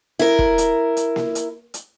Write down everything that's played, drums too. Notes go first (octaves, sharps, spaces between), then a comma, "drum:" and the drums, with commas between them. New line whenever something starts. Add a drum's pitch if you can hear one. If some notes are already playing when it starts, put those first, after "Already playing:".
E4 A#4
drum: kick
drum: hi-hat
drum: hi-hat
drum: snare A#3
drum: hi-hat
drum: hi-hat